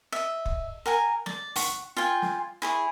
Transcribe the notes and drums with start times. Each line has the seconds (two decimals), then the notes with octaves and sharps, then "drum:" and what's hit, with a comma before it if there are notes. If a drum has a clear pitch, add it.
0.12 D#5 E5
0.46 drum: kick
0.86 A#4 F#5 G#5
1.26 D5, drum: snare
1.56 F#5 C#6, drum: open hi-hat
1.97 F4 G5 G#5
2.22 drum: snare
2.62 E4 G#4 C#5